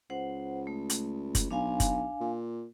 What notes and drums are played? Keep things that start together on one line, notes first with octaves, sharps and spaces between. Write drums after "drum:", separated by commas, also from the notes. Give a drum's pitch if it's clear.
C#2 C5 F#5
A3
drum: hi-hat
drum: kick F#1, hi-hat
B1 D4 F5 G#5
drum: kick F#1, hi-hat
A#2